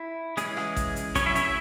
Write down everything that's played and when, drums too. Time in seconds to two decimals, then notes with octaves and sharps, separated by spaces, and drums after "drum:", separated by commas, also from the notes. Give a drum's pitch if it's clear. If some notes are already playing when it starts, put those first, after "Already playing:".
Already playing: E4
0.37 E3 G#3 C#4 G#4, drum: hi-hat
0.57 drum: rim click
0.77 drum: kick A1, hi-hat
0.96 drum: hi-hat
1.15 F#3 B3 C#4 C#5, drum: kick A1, hi-hat
1.26 E4 E5
1.35 C#4 C#5, drum: hi-hat
1.45 E4 E5